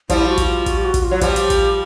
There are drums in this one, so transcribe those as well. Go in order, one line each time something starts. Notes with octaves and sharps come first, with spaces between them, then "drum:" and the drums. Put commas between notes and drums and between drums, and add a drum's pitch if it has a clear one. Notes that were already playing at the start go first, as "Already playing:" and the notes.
F3 G3 E4, drum: kick, hi-hat
F#4
drum: kick, hi-hat
F4
F#4, drum: kick, hi-hat
G4
F#4
drum: kick, hi-hat
F4
F#3
F3 G3 G4, drum: kick, hi-hat
drum: hi-hat
drum: kick, hi-hat